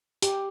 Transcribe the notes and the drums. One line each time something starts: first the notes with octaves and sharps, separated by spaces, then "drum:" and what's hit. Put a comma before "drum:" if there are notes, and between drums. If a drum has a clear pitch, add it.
G4, drum: hi-hat